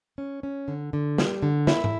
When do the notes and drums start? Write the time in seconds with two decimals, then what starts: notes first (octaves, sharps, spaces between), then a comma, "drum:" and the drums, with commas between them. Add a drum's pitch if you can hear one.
0.18 C#4
0.43 C#4
0.68 D3
0.93 D3
1.18 G3, drum: snare
1.43 D3
1.67 E4, drum: snare
1.84 drum: tom